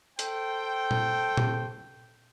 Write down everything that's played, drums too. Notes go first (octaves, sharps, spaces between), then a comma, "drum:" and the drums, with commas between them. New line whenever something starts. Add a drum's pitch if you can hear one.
A4 C5 G5, drum: hi-hat
drum: tom A#2
drum: tom A#2